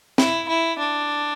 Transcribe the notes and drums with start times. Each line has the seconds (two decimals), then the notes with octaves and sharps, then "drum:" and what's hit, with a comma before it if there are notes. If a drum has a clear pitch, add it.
0.18 E4, drum: snare
0.49 E4
0.79 D4